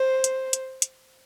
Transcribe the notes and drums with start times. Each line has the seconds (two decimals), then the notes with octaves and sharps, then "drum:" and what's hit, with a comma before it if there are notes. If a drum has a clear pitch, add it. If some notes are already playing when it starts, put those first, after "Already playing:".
Already playing: C5
0.24 drum: hi-hat
0.53 drum: hi-hat
0.82 drum: hi-hat